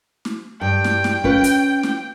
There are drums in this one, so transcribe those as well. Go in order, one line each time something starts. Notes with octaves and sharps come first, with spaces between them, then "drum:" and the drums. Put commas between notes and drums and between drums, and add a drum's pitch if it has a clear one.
drum: snare
G2 G5
drum: snare
drum: snare
C#4 F4 B4, drum: kick
drum: hi-hat
drum: snare